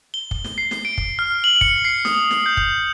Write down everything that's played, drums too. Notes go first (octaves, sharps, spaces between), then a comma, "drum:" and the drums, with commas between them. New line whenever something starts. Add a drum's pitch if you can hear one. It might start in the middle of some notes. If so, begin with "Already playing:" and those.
G7
drum: kick
drum: snare
C7
drum: snare
D7
drum: kick
F6
F#7
C#7, drum: kick
C7
D#6, drum: snare
drum: snare
G6
drum: kick